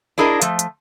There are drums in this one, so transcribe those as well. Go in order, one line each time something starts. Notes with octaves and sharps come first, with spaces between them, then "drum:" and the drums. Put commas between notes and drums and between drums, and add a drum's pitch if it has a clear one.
D4 E4 G#4 A#4 D5 D#5
F3 A3, drum: hi-hat
drum: hi-hat